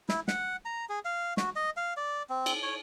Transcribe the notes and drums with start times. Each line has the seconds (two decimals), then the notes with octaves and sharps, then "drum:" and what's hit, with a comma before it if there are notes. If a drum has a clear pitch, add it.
0.09 E4, drum: snare
0.28 F#5, drum: snare
0.65 A#5
0.89 G#4
1.05 F5
1.37 F#4, drum: snare
1.56 D#5
1.77 F5
1.97 D5
2.29 C4
2.46 drum: cymbal
2.63 C#5